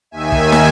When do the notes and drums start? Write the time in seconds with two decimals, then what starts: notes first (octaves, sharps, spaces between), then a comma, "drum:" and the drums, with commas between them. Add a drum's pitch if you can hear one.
0.11 D#2 D#3 E5 G#5
0.32 drum: kick
0.52 drum: snare